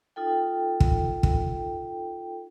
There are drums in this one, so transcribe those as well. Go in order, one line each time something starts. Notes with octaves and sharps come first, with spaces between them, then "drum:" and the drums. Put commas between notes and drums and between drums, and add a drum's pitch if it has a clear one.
D#4 F4 A4 G5
drum: kick
drum: kick